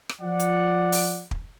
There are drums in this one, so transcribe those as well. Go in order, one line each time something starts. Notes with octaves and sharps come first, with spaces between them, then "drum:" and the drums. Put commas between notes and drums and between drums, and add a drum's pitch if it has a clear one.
drum: rim click
F3 D5 F#5
drum: hi-hat
drum: open hi-hat
drum: kick